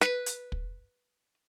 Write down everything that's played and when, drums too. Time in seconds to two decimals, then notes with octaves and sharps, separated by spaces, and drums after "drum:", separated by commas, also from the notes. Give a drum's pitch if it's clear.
0.01 B4, drum: snare
0.26 drum: hi-hat
0.52 drum: kick